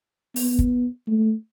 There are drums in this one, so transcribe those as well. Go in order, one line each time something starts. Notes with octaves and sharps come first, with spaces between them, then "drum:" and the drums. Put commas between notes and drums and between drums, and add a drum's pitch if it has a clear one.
B3, drum: open hi-hat
drum: kick
A3